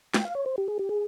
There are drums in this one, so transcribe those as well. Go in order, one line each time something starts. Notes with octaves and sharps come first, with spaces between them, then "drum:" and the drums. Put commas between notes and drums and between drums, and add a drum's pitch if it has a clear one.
G5, drum: snare
F5
C#5
C5
G4
G#4
G4
G#4